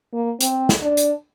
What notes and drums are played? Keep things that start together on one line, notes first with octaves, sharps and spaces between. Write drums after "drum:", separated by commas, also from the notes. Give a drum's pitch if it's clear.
A#3
C4, drum: hi-hat
drum: snare
D4
drum: hi-hat